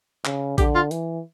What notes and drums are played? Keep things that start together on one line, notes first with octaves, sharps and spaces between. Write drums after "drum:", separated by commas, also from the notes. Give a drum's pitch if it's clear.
C#3, drum: clap
D3 G4, drum: kick A#1, hi-hat
F4
E3, drum: hi-hat